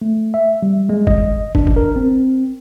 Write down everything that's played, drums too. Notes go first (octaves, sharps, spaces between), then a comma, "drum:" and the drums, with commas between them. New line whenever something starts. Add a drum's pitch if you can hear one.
A3
E5
G3
G#3
D#5, drum: kick
D4, drum: kick
drum: kick
A#4
C4